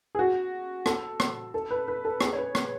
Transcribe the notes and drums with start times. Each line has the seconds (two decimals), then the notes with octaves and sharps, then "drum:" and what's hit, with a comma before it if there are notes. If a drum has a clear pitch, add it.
0.15 G#4
0.19 F#4
0.86 A4, drum: rim click
1.20 drum: rim click
1.54 A4
1.71 B4
1.88 B4
2.05 A4
2.21 G#4, drum: rim click
2.33 C#5
2.38 B4
2.55 drum: rim click